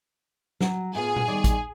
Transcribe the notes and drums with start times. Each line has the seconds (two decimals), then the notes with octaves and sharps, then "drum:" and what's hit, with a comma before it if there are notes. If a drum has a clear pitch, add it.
0.61 F#3, drum: snare
0.95 A2 B3 F4 G#4
1.16 drum: tom A#2
1.27 D#3 G3 D5
1.44 drum: kick A1, hi-hat